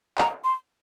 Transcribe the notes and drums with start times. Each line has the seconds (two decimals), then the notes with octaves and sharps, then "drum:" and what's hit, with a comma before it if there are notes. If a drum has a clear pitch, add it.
0.18 A#5, drum: clap
0.44 C6